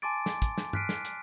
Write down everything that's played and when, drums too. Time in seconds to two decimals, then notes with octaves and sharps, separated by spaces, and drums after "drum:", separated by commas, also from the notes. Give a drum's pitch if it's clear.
0.02 G#5 A5 C6 D6 A6 D7
0.26 drum: snare
0.42 drum: kick, hi-hat
0.58 drum: snare
0.73 F6 F#6 B6 C7 D7 D#7, drum: tom
0.89 drum: snare
1.05 drum: hi-hat